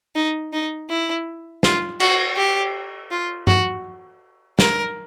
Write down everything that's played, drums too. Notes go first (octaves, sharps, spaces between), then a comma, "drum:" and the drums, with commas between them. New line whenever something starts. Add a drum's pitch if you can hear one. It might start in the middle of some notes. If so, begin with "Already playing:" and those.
D#4
D#4
E4
F4, drum: snare
F#4, drum: cymbal
G4
F4
F#4, drum: tom G2
A#4, drum: snare